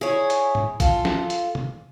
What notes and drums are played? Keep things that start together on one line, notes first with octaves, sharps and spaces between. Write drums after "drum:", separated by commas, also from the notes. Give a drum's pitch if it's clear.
E4 G#4 C#5
drum: hi-hat
drum: tom
F4 A4, drum: kick, hi-hat
drum: snare
drum: hi-hat
drum: tom